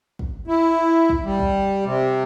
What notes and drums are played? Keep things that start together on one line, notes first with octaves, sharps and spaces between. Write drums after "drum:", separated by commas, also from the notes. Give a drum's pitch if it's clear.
drum: kick
E4
drum: kick
G3
drum: kick
C3